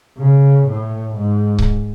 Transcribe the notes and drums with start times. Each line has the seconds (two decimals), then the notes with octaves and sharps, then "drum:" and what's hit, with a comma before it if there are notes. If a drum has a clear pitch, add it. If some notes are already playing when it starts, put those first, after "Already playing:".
0.18 C#3
0.68 A2
1.16 G#2
1.59 drum: kick C#1